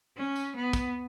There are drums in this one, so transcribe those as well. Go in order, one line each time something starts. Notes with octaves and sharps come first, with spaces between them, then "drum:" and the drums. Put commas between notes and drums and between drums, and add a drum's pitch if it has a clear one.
C#4
drum: tambourine
B3
drum: kick, tambourine